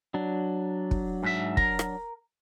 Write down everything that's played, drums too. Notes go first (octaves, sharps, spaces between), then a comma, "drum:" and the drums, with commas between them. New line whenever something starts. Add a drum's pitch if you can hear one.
F#3 D4
drum: kick
G#2 E5
A#4, drum: kick
drum: rim click